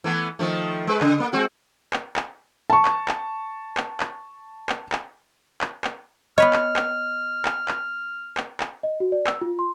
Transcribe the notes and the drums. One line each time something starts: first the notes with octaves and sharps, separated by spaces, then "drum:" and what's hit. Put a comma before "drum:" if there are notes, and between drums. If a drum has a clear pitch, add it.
E3 A3 B3
D#3 F3 A3
G#3 B4
C#3, drum: clap
A#3
G#3 C4 F#4
drum: clap
drum: clap
A5 C#6
drum: clap
drum: clap
drum: clap
drum: clap
drum: clap
drum: clap
drum: clap
drum: clap
B3 B4 C#5 D#5 F6
drum: clap
drum: clap
drum: clap
drum: clap
drum: clap
drum: clap
D#5
F#4
D5
E6, drum: clap
F4
C6